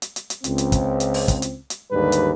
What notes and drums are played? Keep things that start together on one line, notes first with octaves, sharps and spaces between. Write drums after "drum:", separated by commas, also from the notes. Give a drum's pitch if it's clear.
drum: hi-hat
drum: hi-hat
drum: hi-hat
C#2 C4, drum: hi-hat
drum: hi-hat
drum: kick, hi-hat
drum: hi-hat
drum: open hi-hat
drum: kick, hi-hat
drum: hi-hat
drum: hi-hat
D#2 G#2 D3 G3 B4
drum: hi-hat